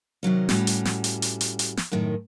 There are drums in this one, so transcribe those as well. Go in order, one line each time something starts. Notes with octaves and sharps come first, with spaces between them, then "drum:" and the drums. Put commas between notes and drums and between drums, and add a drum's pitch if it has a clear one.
C3 D#3 F#3 C#4
A2 G3 C#4 F#4, drum: snare
drum: hi-hat
drum: snare
drum: hi-hat
drum: hi-hat
drum: hi-hat
drum: hi-hat
drum: snare
F#2 A2 D#3